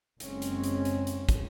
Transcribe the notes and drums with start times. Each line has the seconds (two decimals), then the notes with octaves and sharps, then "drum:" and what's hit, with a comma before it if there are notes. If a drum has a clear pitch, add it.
0.20 F#1 C#3 G#3 C4 C#4, drum: hi-hat
0.42 drum: hi-hat
0.64 drum: hi-hat
0.85 drum: hi-hat
1.07 drum: hi-hat
1.29 drum: kick, hi-hat